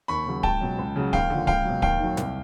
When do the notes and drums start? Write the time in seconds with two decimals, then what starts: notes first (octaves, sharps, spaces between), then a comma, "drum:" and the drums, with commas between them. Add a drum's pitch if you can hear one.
0.08 D#2 B5 C#6
0.27 C#3 F#3
0.43 C#2 G5 A5, drum: kick D1
0.61 B2 F#3
0.79 C#2
0.96 C#3 F#3
1.13 D#2 F5 G5, drum: kick D1
1.30 D3 F3
1.47 C#2 F5 G5, drum: kick D1
1.65 B2 F#3
1.82 D#2 F5 G5, drum: kick D1
1.99 D#3 F#3
2.17 C2, drum: snare